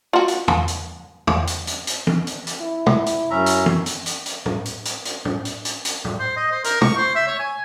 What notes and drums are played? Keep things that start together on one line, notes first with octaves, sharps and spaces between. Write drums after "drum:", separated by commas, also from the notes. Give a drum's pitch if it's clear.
F4 F#4
drum: hi-hat
drum: tom
drum: hi-hat
drum: tom
drum: hi-hat
drum: hi-hat
drum: hi-hat
drum: tom
drum: hi-hat
drum: hi-hat
E4
drum: tom
drum: hi-hat
F#2 C#4 E5 A#5
drum: hi-hat
drum: tom
drum: hi-hat
drum: hi-hat
drum: hi-hat
drum: tom
drum: hi-hat
drum: hi-hat
drum: hi-hat
drum: tom
drum: hi-hat
drum: hi-hat
drum: hi-hat
drum: tom
C5
D#5
C5
A#4, drum: hi-hat
C#6, drum: tom
C5
E5
C#5
G#5